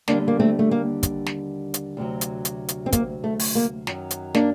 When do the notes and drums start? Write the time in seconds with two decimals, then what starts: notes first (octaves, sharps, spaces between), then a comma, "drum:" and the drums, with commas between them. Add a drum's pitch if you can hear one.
0.08 D#2 D3 G3 A#3 D4, drum: snare
0.28 A#3
0.40 A3 C4
0.59 A3
0.71 A#3
1.03 drum: kick, hi-hat
1.26 drum: snare
1.74 drum: hi-hat
1.97 D2 C3 F#3
2.21 drum: hi-hat
2.45 drum: hi-hat
2.68 drum: hi-hat
2.86 C4
2.92 A#3, drum: kick, hi-hat
3.24 A3
3.40 drum: open hi-hat
3.55 A#3
3.87 F#2 D#3 F#3, drum: snare
4.11 drum: hi-hat
4.34 A#3 D4, drum: snare